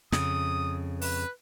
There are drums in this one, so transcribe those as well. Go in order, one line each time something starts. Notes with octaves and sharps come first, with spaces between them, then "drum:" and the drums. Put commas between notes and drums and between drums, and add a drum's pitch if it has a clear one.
F2 C#3 D#6, drum: snare
B4, drum: open hi-hat